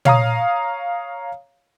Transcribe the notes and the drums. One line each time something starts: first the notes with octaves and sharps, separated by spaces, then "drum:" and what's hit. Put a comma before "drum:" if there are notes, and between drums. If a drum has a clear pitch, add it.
C#5 F5 A#5 D#6, drum: tom